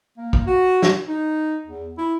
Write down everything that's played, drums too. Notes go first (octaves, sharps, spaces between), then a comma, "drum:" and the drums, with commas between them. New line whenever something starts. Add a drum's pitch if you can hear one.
A#3
drum: kick
F#4
drum: snare
D#4
E2
E4